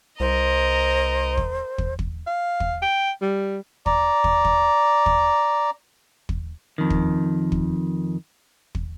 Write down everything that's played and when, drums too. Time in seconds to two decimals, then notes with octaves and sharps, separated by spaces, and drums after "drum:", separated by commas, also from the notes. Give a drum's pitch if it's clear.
0.20 C2 A#4 C5 D#5
1.38 drum: kick
1.78 drum: kick
1.99 drum: kick
2.27 F5
2.60 drum: kick
2.82 G5
3.22 G3
3.86 D5 A#5, drum: kick
4.24 drum: kick
4.45 drum: kick
5.06 drum: kick
6.29 drum: kick
6.78 F2 D#3
6.90 drum: kick
7.52 drum: kick
8.75 drum: kick